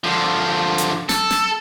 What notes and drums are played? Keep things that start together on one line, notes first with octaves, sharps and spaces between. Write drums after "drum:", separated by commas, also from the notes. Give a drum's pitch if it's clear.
D3 F3
drum: hi-hat
A4, drum: snare
drum: snare